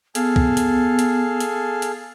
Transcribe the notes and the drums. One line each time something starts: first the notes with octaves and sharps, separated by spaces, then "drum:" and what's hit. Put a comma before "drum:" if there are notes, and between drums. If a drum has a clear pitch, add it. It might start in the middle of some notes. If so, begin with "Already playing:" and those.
B3 G#4 A4 F5, drum: hi-hat
drum: kick C2
drum: hi-hat
drum: hi-hat
drum: hi-hat
drum: hi-hat